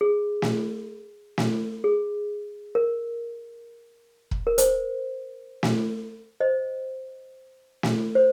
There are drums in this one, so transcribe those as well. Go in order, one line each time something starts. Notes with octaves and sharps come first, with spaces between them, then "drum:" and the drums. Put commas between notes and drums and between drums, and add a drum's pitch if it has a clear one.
G#4
drum: snare
drum: snare
G#4
A#4
drum: kick
A#4
C5, drum: hi-hat
drum: snare
C5 D#5
drum: snare
C5